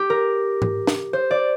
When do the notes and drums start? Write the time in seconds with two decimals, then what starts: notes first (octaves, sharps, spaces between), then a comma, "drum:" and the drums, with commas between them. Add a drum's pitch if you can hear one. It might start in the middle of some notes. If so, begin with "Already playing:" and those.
Already playing: G4
0.10 A#4
0.62 drum: tom G#2
0.87 drum: snare
1.13 C5
1.31 D5